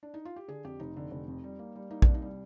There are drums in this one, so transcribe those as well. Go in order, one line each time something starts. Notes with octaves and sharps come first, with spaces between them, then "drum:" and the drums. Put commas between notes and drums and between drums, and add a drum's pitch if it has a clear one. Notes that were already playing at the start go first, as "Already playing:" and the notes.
D4
D#4
F4
G4
D3 G#4
F2 G4
F1 D#4
D3
F1
F2
G3
A#3
G3
A#3 D#4
C2 D4, drum: kick
D#4
G3